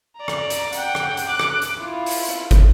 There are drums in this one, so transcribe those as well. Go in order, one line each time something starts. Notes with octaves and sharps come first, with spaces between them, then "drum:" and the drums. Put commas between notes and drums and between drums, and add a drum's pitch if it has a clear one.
D5 A#5
drum: rim click
drum: hi-hat
F#5 G5, drum: hi-hat
drum: rim click
drum: hi-hat
D6 F#6
drum: rim click
drum: hi-hat
E4 F4
drum: open hi-hat
drum: hi-hat
drum: kick, hi-hat